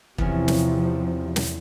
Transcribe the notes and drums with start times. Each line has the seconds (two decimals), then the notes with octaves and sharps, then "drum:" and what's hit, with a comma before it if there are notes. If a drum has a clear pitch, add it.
0.18 E2 C3 F3 C#4, drum: kick
0.48 drum: snare
1.36 drum: snare